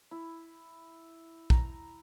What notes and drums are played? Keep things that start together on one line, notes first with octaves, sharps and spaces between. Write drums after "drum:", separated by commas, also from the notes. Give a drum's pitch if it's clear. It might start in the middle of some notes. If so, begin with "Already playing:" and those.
E4
A#5, drum: kick